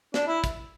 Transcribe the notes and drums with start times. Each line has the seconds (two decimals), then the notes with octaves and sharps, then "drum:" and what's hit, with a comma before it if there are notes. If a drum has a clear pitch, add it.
0.14 D4, drum: snare
0.27 E4
0.44 drum: kick, hi-hat